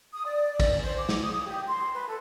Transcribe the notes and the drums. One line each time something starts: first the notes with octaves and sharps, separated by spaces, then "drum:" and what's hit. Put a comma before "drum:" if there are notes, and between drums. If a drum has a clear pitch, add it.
D#6
D5
drum: kick, cymbal
C5
D6
drum: snare
D#6
G4
C6
B4
A4